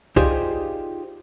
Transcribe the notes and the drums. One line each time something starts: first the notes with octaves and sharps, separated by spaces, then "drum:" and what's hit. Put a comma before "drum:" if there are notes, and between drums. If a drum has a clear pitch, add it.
D#4 F4 G4 G#4 C5 D5, drum: kick C2